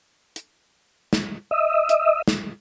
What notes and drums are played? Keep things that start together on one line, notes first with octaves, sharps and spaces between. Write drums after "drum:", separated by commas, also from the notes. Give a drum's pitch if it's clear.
drum: hi-hat
drum: snare
D#5 E5
drum: hi-hat
drum: snare